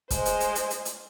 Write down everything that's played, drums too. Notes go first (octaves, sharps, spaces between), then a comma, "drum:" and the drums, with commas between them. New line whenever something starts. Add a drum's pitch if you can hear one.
G#3 C5, drum: kick, hi-hat
drum: hi-hat
drum: hi-hat
drum: hi-hat
drum: hi-hat
drum: hi-hat